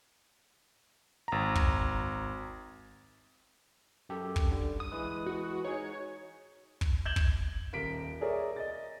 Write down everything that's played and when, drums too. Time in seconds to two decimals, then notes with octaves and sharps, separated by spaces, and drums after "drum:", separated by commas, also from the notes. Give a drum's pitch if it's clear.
1.28 G#1 A#5
1.55 drum: kick
4.09 F#2 G4 A4
4.36 drum: kick
4.51 D3 G3
4.80 D#6
4.92 E3 G#3 B4
5.26 F#4
5.65 D#4 G#4 C#5
6.81 drum: kick
7.06 G6 G#6 E7 F#7 G7
7.16 drum: kick
7.73 D#1 A#4 B6 D7
8.21 G#4 A#4 C#5 D5 E5
8.56 D#5 A6